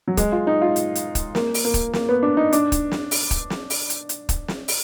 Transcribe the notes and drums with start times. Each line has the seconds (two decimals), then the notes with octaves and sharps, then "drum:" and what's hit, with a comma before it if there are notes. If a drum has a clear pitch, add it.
0.08 F#3
0.17 G#3, drum: kick, hi-hat
0.32 F4
0.47 D#4
0.62 F4
0.76 drum: hi-hat
0.95 drum: hi-hat
1.15 drum: kick, hi-hat
1.35 A#3, drum: snare
1.54 drum: open hi-hat
1.65 A#3
1.74 drum: kick, hi-hat
1.93 A#3, drum: snare
2.09 B3
2.23 D4
2.37 D#4
2.53 D4, drum: hi-hat
2.72 drum: kick, hi-hat
2.91 drum: snare
3.11 drum: open hi-hat
3.31 drum: kick, hi-hat
3.50 drum: snare
3.70 drum: open hi-hat
3.90 drum: hi-hat
4.09 drum: hi-hat
4.29 drum: kick, hi-hat
4.48 drum: snare
4.68 drum: open hi-hat